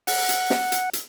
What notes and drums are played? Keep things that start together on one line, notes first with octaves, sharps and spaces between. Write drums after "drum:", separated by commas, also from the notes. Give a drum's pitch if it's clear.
F#5, drum: open hi-hat
drum: hi-hat
drum: snare
drum: hi-hat
drum: hi-hat